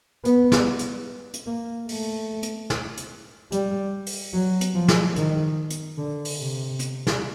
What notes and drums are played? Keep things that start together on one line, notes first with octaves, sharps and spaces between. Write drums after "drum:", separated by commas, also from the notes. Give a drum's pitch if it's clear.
B3, drum: hi-hat
drum: snare
drum: hi-hat
drum: hi-hat
A#3
A3, drum: open hi-hat
drum: hi-hat
drum: snare
drum: hi-hat
G3, drum: hi-hat
drum: open hi-hat
F#3
drum: hi-hat
F3
drum: snare
D#3, drum: hi-hat
drum: hi-hat
D3
drum: open hi-hat
C3
drum: hi-hat
drum: snare